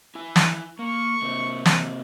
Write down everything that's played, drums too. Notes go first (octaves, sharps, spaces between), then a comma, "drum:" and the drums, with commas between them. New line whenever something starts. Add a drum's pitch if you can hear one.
E4 G#5
drum: snare
A#3 C#6
C3 A#3 C4
drum: snare